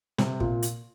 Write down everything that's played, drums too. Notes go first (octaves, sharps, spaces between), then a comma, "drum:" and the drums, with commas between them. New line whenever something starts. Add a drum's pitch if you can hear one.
C3, drum: snare
A#2, drum: kick
drum: hi-hat